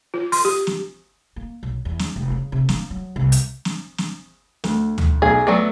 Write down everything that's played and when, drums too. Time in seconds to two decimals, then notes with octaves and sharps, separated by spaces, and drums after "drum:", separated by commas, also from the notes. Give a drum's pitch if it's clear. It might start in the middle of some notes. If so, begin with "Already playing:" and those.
0.14 F4
0.32 C6, drum: open hi-hat
0.45 G4
0.67 drum: snare
1.36 A#3
1.63 B1
1.85 E2
1.99 drum: snare
2.16 F1
2.32 C#3
2.52 C3
2.69 A#3, drum: snare
2.90 F#3
3.16 C2
3.32 drum: hi-hat
3.65 drum: snare
3.98 drum: snare
4.64 D2, drum: snare
4.98 drum: tom D2
5.22 B1 G#4
5.47 F#3 A3 B3 D5